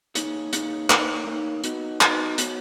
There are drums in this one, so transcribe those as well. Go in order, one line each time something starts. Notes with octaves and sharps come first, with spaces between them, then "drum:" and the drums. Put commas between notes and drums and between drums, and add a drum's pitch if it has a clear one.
A#3 D#4 G#4 C#5, drum: hi-hat
A#3 D#4 G#4 C#5, drum: hi-hat
A#3 D#4 A#4 C#5, drum: clap
A#3 D#4 A#4 C#5
B3 D#4 F#4 B4 D#5, drum: hi-hat
B3 D#4 F#4 B4 D#5, drum: clap
B3 F#4 C#5, drum: hi-hat